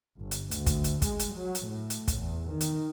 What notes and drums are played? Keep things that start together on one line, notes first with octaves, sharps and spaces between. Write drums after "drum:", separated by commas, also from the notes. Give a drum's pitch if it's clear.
G1
drum: hi-hat
D2, drum: hi-hat
drum: kick, hi-hat
drum: hi-hat
G#3, drum: kick, hi-hat
drum: hi-hat
F#3
drum: hi-hat
A2
drum: hi-hat
drum: kick, hi-hat
E2
D#3
drum: hi-hat